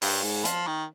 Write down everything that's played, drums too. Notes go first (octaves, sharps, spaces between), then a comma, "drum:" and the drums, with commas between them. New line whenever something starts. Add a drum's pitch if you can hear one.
G2, drum: open hi-hat
G#2
F3, drum: hi-hat
D#3